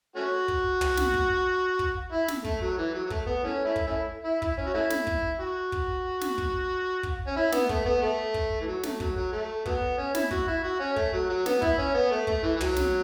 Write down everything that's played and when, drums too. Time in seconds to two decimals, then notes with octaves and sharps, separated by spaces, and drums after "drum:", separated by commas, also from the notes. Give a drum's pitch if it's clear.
0.16 A3 C#4 F#4
0.48 drum: kick
0.81 drum: tom
0.97 drum: snare
1.14 drum: kick
1.79 drum: kick
2.12 E4
2.28 drum: snare
2.44 A3, drum: kick
2.61 F#3
2.78 E3
2.94 F#3
3.06 F#3
3.10 A3, drum: kick
3.26 B3
3.44 E3 A3 C#4
3.65 A3 C#4 E4
3.76 drum: kick
3.87 A3 C#4 E4
4.25 E4
4.42 E4, drum: kick
4.58 C#4
4.66 F#4
4.74 A3 C#4 E4
4.90 drum: snare
5.07 drum: kick
5.40 F#4
5.72 drum: kick
6.21 drum: snare
6.38 drum: kick
7.03 drum: kick
7.27 C#4
7.36 E4
7.52 B3, drum: snare
7.69 A3, drum: kick
7.86 B3
8.02 A3
8.34 drum: kick
8.61 E3
8.67 F#3
8.83 A3, drum: snare
9.00 F#3, drum: kick
9.16 F#3
9.32 A3
9.65 F#3 B3, drum: kick
9.98 C#4
10.15 E4, drum: snare
10.31 F#4, drum: kick
10.48 E4
10.63 F#4
10.80 C#4
10.96 A3, drum: kick
11.13 F#3
11.29 F#3
11.46 B3, drum: snare
11.62 E4, drum: kick
11.78 C#4
11.94 B3
12.11 A3
12.27 A3, drum: kick
12.43 E3
12.56 E3
12.60 F#3, drum: tom
12.76 drum: snare